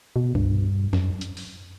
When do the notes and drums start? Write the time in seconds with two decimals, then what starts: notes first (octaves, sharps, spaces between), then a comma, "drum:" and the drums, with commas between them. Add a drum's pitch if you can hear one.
0.16 B2
0.35 G2, drum: kick C2
0.93 F#2, drum: snare
1.21 drum: hi-hat
1.37 drum: open hi-hat